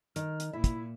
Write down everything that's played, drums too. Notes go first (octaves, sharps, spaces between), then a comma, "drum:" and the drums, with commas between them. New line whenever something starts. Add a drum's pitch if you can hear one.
D#3 F6, drum: hi-hat
drum: hi-hat
A#2 E4 E5
drum: kick, hi-hat